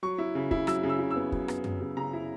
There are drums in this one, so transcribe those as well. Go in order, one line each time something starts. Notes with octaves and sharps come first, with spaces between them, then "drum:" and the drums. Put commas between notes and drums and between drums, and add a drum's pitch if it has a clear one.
F#3 C#6
E4
C#3
E4, drum: kick
F#3 E6, drum: rim click
C#3
E6
E4
E6
B3
F#3, drum: kick
B3, drum: rim click
F#3, drum: tom F#2
C#3
C#3 A#5
E4